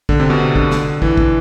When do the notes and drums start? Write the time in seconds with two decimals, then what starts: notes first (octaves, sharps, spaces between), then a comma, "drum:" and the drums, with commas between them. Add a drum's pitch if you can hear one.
0.09 D3, drum: kick
0.20 C3
0.30 B2
0.40 C3
0.56 D3, drum: kick
0.71 drum: snare
1.02 E3, drum: kick
1.17 drum: kick